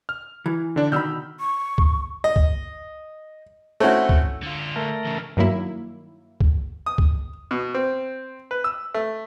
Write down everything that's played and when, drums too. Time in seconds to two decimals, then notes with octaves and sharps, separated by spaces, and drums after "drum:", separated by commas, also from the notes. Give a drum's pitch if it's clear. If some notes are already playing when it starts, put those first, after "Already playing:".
0.09 F6
0.46 E3
0.76 D3 D4 D5
0.92 B2 D#3 B5 E6 F6 G6
1.40 C#6
1.78 drum: kick
2.24 D#5
2.36 drum: kick
3.80 A3 C4 C#4 E4 F#4
4.09 drum: kick
4.43 D3 F4
4.76 A3 A#4
5.05 E2 C#3
5.37 G2 D#3 F#3 A#3 E4
6.40 drum: kick
6.86 D#6
6.98 drum: kick
7.51 B2
7.74 C4
8.51 B4
8.64 E6
8.94 A3